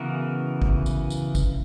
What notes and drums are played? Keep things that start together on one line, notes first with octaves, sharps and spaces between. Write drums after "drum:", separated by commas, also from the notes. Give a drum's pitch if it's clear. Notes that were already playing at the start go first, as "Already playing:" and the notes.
Already playing: C#3 E3 B3 F#4 A#4
drum: kick
drum: tambourine
drum: tambourine
drum: kick, tambourine